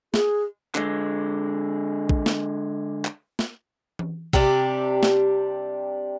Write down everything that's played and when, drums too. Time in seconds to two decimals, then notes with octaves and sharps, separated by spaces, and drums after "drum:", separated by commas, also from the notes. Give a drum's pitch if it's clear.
0.14 G#4, drum: snare
0.75 D3 G#3, drum: clap
2.09 drum: kick
2.26 drum: snare
3.05 drum: clap
3.39 drum: snare
3.99 drum: tom E3
4.33 C3 G3 D4 G4, drum: kick
5.03 drum: snare